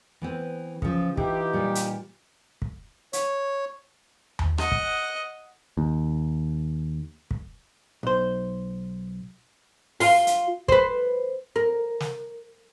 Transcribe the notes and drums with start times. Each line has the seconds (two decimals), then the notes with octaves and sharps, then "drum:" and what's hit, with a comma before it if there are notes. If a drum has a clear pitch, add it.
0.22 E3 B3 C4
0.82 C#3 F3, drum: kick
1.17 E3 D#4 F4 G4, drum: kick
1.53 A#2 G3
1.75 drum: hi-hat
2.62 drum: kick
3.13 C#5, drum: hi-hat
4.39 drum: tom D#2
4.58 D#5 F#5, drum: rim click
4.72 drum: kick
5.77 D#2
7.31 drum: kick
8.03 B1 C5
10.00 F4 F5, drum: open hi-hat
10.27 drum: hi-hat
10.68 B4 C5, drum: kick
11.56 A#4
12.00 drum: snare